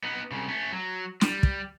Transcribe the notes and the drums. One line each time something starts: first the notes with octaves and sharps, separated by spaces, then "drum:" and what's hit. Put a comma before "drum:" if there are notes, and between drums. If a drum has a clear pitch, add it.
B3 D#4
C2 C#3
A3 C#4
F#3
G3, drum: snare
drum: kick